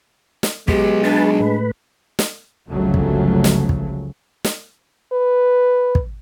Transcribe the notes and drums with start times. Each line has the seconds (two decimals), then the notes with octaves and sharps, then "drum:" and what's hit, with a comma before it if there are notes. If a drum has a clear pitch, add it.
0.43 drum: snare
0.68 F#3 G#3 B3 G4, drum: kick
1.04 D4 G#4 B4 A5
1.40 A2 B4
2.19 drum: snare
2.70 G1 C#2 C#3 F3 F#3 A3
2.94 drum: kick
3.44 drum: snare
3.69 drum: kick
4.44 drum: snare
5.12 B4
5.95 drum: kick